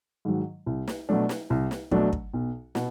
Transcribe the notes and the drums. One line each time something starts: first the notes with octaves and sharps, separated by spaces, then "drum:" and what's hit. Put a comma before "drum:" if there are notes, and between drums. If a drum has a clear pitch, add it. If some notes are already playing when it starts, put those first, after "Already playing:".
G#2 D#3 F#3
C2
drum: snare
B2 F#3 A3 D4
drum: snare
C2
drum: snare
B2 F#3 A3 D4, drum: kick
drum: kick
B1
B2, drum: snare